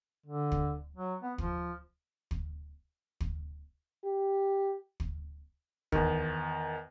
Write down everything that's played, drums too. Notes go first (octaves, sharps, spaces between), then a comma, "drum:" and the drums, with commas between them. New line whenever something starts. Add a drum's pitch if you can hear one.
D3
drum: kick
F#3
B3
F3, drum: kick
drum: kick
drum: kick
G4
drum: kick
E2 D#3, drum: kick